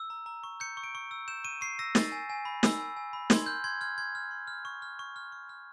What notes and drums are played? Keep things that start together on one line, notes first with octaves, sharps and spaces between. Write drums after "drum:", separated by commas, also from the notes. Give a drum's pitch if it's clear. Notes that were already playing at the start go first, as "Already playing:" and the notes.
Already playing: E6
A#5
A#5
C#6
G6 C#7
C#6
D7
C#6
E6
G6 E7
C#6 D#7
C#6 C7
E6 A#6
E6 A6, drum: snare
G#5
G#5
B5
E6, drum: snare
G#5
G#5
B5
C6 G#6, drum: snare
F6 G6
C6 G#6
F6 G#6
C6 G#6
F6
C6
F6
C#6
F6
C#6
F6
C#6
F6